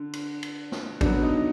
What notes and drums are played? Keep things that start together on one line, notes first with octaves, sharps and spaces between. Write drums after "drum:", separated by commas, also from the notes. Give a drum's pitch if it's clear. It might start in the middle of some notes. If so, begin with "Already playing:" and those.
Already playing: D3
drum: cymbal
drum: cymbal
drum: snare
D3 F#3 B3 D4, drum: kick G#1, cymbal
D#4